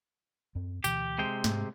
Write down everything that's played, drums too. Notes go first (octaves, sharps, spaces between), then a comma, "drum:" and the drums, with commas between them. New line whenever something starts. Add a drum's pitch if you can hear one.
F#2 C4
D2 B2 E3 G4, drum: tambourine
C3 G#3 G5
G#2, drum: snare